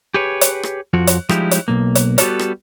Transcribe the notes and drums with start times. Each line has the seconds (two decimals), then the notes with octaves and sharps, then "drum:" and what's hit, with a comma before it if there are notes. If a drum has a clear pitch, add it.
0.14 G4 G#4 B4 C#5
0.41 drum: hi-hat
0.63 drum: rim click
0.93 F2 F3 F#4
1.07 drum: hi-hat
1.29 F3 G3 G#3 D#4 E4 G4, drum: rim click
1.51 drum: hi-hat
1.68 B1 A#3
1.95 drum: hi-hat
2.18 G3 B3 F#4 G4 A4 A#4, drum: hi-hat
2.39 drum: rim click